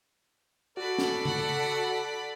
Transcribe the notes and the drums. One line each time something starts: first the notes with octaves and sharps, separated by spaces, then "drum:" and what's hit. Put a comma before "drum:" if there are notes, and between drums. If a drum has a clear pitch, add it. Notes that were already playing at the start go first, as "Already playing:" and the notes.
F#4 A4 D5 B5
drum: snare
F#5, drum: tom C#3